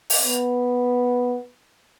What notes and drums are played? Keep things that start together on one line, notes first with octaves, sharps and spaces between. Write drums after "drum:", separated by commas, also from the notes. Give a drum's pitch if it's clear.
drum: open hi-hat
B3